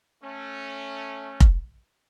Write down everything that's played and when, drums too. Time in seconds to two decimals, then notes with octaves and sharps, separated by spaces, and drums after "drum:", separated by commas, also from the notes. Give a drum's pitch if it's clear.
0.23 A3 C#4
1.40 drum: kick F1